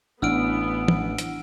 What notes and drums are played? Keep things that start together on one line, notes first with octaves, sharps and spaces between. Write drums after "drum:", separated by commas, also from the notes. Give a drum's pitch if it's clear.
A1 B3 D4 E4 F#5 E6 F6 D7
drum: tom
drum: hi-hat